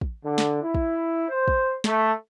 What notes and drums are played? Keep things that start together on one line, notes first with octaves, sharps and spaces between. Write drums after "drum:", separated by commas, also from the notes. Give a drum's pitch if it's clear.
drum: kick
D3
drum: snare
E4
drum: kick
C5
drum: kick
A3, drum: snare